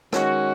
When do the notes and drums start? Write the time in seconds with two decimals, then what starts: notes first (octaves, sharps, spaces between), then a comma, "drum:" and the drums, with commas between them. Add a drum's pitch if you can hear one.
0.13 D#3 G#3 C#4 F#4, drum: rim click